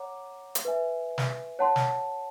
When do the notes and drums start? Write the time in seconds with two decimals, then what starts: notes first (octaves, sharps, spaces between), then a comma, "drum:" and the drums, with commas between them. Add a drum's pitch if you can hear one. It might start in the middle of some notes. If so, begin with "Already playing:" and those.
Already playing: C#5 F#5 A#5 D6
0.55 drum: hi-hat
0.65 B4 E5 G#5
1.18 drum: snare
1.59 C#5 F#5 A5 C6
1.76 drum: snare